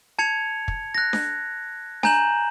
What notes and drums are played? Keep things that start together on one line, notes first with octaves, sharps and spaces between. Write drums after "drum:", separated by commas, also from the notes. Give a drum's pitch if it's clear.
A5 G#6 C#7 F7
drum: kick
F#6 A#6
drum: snare D4
G#5 A#5 G6 E7 F#7, drum: snare D4